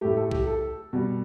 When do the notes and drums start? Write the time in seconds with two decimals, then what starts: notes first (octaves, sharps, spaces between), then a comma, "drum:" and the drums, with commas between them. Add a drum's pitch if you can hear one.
0.01 A2 A3 G4
0.17 A4
0.31 G4, drum: kick B1
0.47 A4
0.93 B2 G3